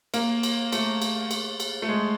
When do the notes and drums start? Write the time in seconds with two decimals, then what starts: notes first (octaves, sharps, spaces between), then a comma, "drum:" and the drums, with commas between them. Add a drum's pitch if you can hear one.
0.14 A#3, drum: cymbal
0.43 drum: cymbal
0.72 A3, drum: cymbal
1.02 drum: cymbal
1.31 drum: cymbal
1.60 drum: cymbal
1.82 A3
1.89 G#3